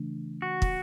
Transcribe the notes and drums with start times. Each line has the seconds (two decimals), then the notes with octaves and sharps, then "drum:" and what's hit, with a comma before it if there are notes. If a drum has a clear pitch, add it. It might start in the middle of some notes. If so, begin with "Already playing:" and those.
Already playing: C#3 E3 A3 D4
0.42 F#4
0.62 drum: kick